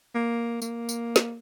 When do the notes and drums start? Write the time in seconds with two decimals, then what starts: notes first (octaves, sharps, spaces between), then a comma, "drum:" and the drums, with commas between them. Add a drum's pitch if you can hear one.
0.15 A#3
0.62 A#3, drum: tambourine
0.89 drum: tambourine
1.16 drum: snare